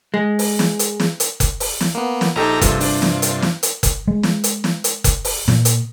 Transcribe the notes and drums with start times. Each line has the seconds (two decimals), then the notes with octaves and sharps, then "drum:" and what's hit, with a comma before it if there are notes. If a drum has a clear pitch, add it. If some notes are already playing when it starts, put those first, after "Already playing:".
0.14 G#3
0.39 drum: open hi-hat
0.59 drum: snare
0.79 drum: hi-hat
1.00 drum: snare
1.20 drum: hi-hat
1.40 drum: kick F1, hi-hat
1.60 drum: open hi-hat
1.81 drum: snare
1.95 A#3 B3
2.21 drum: snare
2.36 A#1 D#4 G4 A4 A#5
2.61 G2 C3 F4, drum: kick F1, hi-hat
2.80 D4, drum: open hi-hat
3.02 drum: snare
3.22 drum: hi-hat
3.42 drum: snare
3.63 drum: hi-hat
3.83 drum: kick F1, hi-hat
4.08 G#3
4.23 drum: snare
4.44 drum: hi-hat
4.64 drum: snare
4.84 drum: hi-hat
5.04 drum: kick F1, hi-hat
5.25 drum: open hi-hat
5.48 A#2, drum: snare
5.65 drum: hi-hat